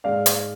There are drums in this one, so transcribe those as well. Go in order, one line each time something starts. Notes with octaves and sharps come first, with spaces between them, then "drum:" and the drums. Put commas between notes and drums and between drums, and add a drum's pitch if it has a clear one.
G#2 G#3 D5 F5
drum: hi-hat